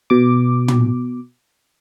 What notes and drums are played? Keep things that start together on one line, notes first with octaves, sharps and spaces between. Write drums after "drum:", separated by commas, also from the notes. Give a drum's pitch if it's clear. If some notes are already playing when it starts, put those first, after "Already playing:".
B2 D6
drum: tom